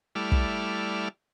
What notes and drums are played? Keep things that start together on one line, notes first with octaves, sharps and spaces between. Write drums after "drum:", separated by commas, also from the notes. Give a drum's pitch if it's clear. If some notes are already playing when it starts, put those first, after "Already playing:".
G3 A3 E4 D5 F6
drum: kick